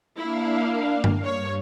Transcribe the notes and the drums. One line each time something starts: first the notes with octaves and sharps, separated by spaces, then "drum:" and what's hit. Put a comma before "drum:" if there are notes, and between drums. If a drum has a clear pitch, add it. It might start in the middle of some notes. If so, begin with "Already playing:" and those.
A#3 D4 E4 F5
drum: tom G2
G2 C#5